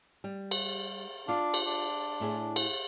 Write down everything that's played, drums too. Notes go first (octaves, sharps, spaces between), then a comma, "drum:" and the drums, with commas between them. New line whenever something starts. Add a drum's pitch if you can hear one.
G3
drum: cymbal
D4 F4 F5
drum: cymbal
D4
A2 E4 G#4
drum: cymbal